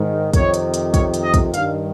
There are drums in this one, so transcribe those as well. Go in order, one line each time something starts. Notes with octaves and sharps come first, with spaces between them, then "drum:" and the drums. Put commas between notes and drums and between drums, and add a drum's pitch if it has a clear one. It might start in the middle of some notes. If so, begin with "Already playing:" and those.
Already playing: G#2 D#3
F2 C3 D#3 C#5, drum: kick, hi-hat
drum: hi-hat
drum: hi-hat
C#5, drum: kick, hi-hat
drum: hi-hat
D#5
drum: kick, hi-hat
G2 D#3 F5, drum: hi-hat